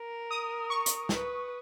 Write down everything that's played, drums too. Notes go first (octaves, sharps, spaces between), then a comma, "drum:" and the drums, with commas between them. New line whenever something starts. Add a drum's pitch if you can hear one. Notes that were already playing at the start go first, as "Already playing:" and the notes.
Already playing: A#4
D#6
C#6
drum: hi-hat
B4, drum: snare